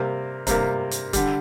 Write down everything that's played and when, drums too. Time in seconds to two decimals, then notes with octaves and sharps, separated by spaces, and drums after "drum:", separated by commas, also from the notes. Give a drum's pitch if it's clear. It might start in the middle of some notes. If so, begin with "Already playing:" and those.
Already playing: C3 G3 A#3
0.47 C3 G3 A#3, drum: kick, hi-hat
0.91 drum: hi-hat
1.13 D3 G3, drum: kick, hi-hat